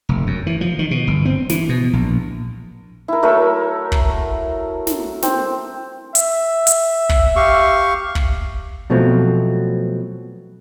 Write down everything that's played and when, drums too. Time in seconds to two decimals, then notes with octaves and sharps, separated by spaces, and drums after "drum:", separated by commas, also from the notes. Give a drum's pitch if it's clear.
0.09 F1
0.27 F#2
0.47 E3
0.61 F3
0.79 D#3
0.91 B2
1.07 G1
1.25 C4
1.50 E3, drum: snare
1.69 B2
1.93 A#1
3.08 E4 A#4
3.23 F#3 A3 A#4 E5
3.92 drum: kick
4.87 drum: snare
5.23 C4, drum: snare
6.15 E5, drum: hi-hat
6.67 drum: hi-hat
7.09 drum: kick
7.36 G4 F5 C#6
8.15 drum: kick
8.90 B2 F3 F#3 A3 C4